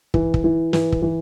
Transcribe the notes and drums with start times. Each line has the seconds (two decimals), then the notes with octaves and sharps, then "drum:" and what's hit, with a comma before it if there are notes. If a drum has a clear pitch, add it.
0.14 E3, drum: kick
0.34 drum: kick
0.44 E3
0.73 E3, drum: snare
0.92 drum: kick
1.02 E3